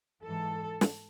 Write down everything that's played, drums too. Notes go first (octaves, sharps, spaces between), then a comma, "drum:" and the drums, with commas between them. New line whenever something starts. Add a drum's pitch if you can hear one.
G#2 E3 A4
drum: snare